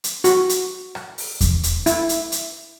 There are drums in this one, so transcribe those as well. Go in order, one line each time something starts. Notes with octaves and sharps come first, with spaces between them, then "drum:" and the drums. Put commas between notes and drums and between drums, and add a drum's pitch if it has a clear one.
drum: hi-hat
F#4, drum: hi-hat
drum: hi-hat
drum: rim click
drum: open hi-hat
drum: kick E2, hi-hat
drum: hi-hat
E4, drum: hi-hat
drum: hi-hat
drum: hi-hat